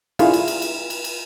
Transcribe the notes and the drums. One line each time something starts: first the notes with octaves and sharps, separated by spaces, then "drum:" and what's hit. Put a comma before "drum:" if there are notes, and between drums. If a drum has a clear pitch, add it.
D4 E4 F4 G#4 A#4 F5, drum: cymbal
drum: cymbal
drum: cymbal
drum: cymbal
drum: cymbal
drum: cymbal